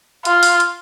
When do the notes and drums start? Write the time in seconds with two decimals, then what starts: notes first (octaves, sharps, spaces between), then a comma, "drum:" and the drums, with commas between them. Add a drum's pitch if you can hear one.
0.25 F4, drum: hi-hat
0.43 drum: open hi-hat
0.60 drum: hi-hat